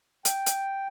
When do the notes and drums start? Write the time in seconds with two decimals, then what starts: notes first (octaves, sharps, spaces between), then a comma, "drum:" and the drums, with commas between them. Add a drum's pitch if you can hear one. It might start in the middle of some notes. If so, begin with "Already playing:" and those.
0.25 G5, drum: hi-hat
0.46 drum: hi-hat